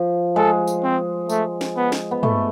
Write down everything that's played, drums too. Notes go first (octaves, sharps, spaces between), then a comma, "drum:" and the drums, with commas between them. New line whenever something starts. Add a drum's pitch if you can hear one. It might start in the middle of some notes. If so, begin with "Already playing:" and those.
Already playing: F3
G#3 A4
drum: tambourine
C4
A3, drum: tambourine
drum: snare
B3
drum: snare
B3
A3, drum: tom